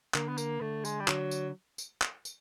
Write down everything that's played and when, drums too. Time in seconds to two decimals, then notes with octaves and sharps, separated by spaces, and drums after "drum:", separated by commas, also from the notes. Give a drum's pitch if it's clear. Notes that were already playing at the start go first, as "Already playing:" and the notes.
0.14 D3 A#3, drum: clap
0.28 B3
0.38 A#3, drum: tambourine
0.61 D3 A3
0.85 G#3, drum: tambourine
1.00 G3
1.08 D3 F#3, drum: clap
1.31 drum: tambourine
1.78 drum: tambourine
2.02 drum: clap
2.25 drum: tambourine